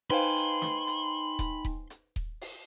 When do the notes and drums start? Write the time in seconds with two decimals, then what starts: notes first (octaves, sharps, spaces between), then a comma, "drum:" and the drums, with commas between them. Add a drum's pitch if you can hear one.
0.10 D#4 B4 C5 F5 G5 G#5 B5 C6
0.36 drum: hi-hat
0.62 drum: snare
0.87 drum: hi-hat
1.39 drum: kick D#1, hi-hat
1.65 drum: kick D#1
1.90 drum: hi-hat
2.16 drum: kick D#1
2.42 drum: open hi-hat